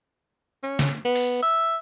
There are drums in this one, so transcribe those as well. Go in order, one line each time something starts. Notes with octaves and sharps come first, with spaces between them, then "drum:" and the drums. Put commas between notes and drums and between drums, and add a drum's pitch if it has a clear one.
C#4
drum: snare
B3
drum: open hi-hat
E5